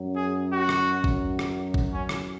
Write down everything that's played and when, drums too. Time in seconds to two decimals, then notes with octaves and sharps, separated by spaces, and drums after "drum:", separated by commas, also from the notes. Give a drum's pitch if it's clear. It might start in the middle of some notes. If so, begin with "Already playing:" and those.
Already playing: F#2 F#3 C#4
0.16 G#4
0.51 F#4
0.69 drum: rim click
1.04 drum: kick A1
1.39 drum: rim click
1.74 drum: kick A1
1.92 C#4
2.09 drum: rim click